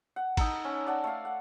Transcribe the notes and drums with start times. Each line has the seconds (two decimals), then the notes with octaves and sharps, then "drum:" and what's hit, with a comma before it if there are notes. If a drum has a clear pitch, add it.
0.16 F#5
0.37 D#4 A4 A#5, drum: kick, cymbal
0.65 C#4
0.87 D5 F#5 A5
1.04 A3 F5
1.25 F#5